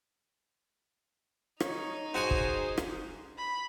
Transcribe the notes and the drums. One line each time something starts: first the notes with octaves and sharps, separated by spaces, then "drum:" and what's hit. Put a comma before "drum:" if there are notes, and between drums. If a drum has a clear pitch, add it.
D#4 C#5, drum: rim click
F#4 G#4 C5 G#5
drum: kick
drum: rim click
B5